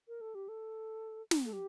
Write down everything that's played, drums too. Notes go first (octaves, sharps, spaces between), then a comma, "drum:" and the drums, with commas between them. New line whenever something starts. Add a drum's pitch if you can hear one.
A#4
A4
G4
A4
drum: snare
A4
G4